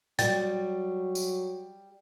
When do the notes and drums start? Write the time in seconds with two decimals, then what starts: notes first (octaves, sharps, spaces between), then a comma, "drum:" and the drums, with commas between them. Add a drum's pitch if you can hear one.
0.19 A#2 F#3 G3 G5 A6, drum: hi-hat
1.15 drum: tambourine